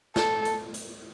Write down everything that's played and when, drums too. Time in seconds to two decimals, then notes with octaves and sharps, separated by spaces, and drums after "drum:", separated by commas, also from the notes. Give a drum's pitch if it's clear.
0.16 A4, drum: snare
0.45 drum: hi-hat
0.74 drum: hi-hat